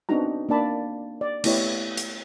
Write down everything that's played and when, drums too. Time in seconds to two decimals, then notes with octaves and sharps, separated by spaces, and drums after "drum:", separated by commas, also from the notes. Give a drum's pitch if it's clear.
0.09 B3 C4 D4 D#4 F#4 A#5
0.49 A#3 D4 D5 A5 B5
1.21 D5
1.44 A3 B3 E4 G4 C#5 D#5, drum: cymbal
1.97 drum: hi-hat